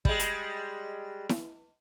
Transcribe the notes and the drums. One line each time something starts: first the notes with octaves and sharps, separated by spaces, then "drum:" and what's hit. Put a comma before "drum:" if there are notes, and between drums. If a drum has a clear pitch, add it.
G3 G#3, drum: kick
drum: hi-hat
drum: snare E4